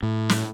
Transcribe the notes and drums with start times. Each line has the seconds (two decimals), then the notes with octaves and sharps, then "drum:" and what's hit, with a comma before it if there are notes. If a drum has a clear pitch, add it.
0.03 A2
0.29 drum: snare